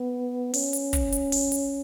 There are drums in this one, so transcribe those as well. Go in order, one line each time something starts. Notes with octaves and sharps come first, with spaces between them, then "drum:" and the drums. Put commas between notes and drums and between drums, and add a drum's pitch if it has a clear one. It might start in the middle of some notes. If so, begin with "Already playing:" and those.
Already playing: B3
C#4, drum: open hi-hat
drum: hi-hat
drum: kick, hi-hat
drum: hi-hat
drum: open hi-hat
drum: hi-hat